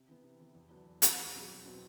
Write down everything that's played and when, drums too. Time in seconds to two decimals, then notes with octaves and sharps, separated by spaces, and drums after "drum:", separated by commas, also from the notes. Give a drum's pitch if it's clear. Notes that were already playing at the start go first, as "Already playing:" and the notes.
Already playing: C3
0.09 E3 B3
0.23 C3
0.40 E3 B3
0.55 E2
0.70 D3 F#3 B3 D4
0.86 E2
1.02 D3 F#3 B3 D4, drum: hi-hat
1.18 E2
1.34 B2 F#3 C4
1.50 E2
1.65 B2 F#3 C4